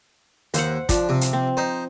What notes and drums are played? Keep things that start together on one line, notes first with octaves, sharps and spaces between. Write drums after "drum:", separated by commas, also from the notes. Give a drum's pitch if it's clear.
D#2 C5 F#5, drum: hi-hat
F3 D4, drum: kick, hi-hat
C3
drum: hi-hat
C4
D#4 C5